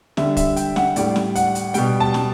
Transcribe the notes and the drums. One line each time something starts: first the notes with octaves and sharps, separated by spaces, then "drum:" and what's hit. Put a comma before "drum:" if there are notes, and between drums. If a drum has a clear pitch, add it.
D3 G3 E5, drum: snare
E5, drum: kick, hi-hat
G5, drum: hi-hat
F#5, drum: snare
A2 G3 D5, drum: hi-hat
drum: snare
F#5, drum: hi-hat
drum: hi-hat
B2 G3 G5, drum: hi-hat
A5
drum: snare